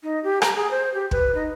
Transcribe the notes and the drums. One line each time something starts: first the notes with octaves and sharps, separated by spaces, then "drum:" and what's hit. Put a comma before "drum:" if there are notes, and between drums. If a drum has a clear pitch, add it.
D#4
G4
A#5, drum: rim click
G#4
C5
G4
B4, drum: kick
D#4